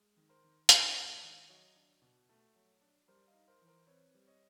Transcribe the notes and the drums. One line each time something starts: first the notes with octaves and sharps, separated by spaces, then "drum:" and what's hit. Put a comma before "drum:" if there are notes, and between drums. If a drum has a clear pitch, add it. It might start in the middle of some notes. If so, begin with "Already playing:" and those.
Already playing: G#3
D#3
A#4 C5
D#3
C#4 B4 C#5, drum: hi-hat
G#3
D#3
F#3 C#5 D#5
D4
B2
A3
F#3
D4
G3 A#4 C5
D#5 F5
D#4
A#4 C5
E3
A#4 C5
C4 B4 C#5
G3
C#5 D#5